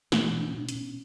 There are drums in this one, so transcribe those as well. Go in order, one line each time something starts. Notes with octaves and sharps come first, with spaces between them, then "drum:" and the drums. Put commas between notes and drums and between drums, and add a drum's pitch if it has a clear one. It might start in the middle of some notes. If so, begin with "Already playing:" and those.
B2 E3, drum: snare
B2
D4
C#4
B2 D4
C#4, drum: hi-hat
B2